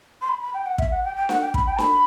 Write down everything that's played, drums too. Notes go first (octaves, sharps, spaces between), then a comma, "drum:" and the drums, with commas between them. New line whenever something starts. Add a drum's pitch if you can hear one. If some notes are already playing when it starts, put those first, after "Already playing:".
C6
B5
B5
G5
F#5
E5, drum: kick
F#5
G5
G5
F#5, drum: snare D4
G5
B5, drum: kick
G5
B5, drum: snare D4